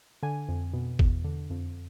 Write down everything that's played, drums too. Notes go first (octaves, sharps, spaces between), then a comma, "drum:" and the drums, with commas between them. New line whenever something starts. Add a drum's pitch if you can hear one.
D3 G#5
F2
B2
E2, drum: kick
D3
F2